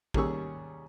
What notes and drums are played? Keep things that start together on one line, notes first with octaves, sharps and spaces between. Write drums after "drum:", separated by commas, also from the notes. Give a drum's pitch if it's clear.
D#2 G3 C#4 G#4 C#6 E6, drum: kick